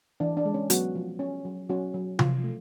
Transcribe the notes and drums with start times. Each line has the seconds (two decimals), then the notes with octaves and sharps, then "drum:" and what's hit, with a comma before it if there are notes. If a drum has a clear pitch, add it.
0.20 E3 D4
0.37 D4
0.45 G#3
0.54 C#4
0.70 F#3 B3 F#4, drum: hi-hat
0.95 F3
1.19 C#4
1.45 F#3
1.69 F#3 C#4 F#4
1.94 F#3
2.19 E3 F3 F4, drum: tom C3
2.44 A3